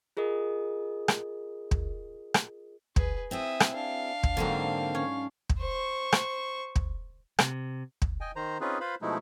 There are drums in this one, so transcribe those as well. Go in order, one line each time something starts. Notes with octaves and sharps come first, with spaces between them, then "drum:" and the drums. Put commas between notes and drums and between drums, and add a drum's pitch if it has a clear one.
F4 G#4 A#4 D#5 D#6
drum: rim click
drum: kick
drum: rim click
G#4 B4, drum: kick
C4 E4 G#4 E5 D#6
drum: rim click
D4 F5
drum: kick
G#2 D3 F#3 A#3 C4
C#4
drum: kick
C5 C#6
drum: rim click
drum: kick
C3, drum: rim click
drum: kick
D#5 G5 G#5
D#3 C5 A#5
C4 C#4 D#4 F4 G#4 B4
F4 B4 C5 F5 B5
B2 F3 G#3 A3 D#4 E4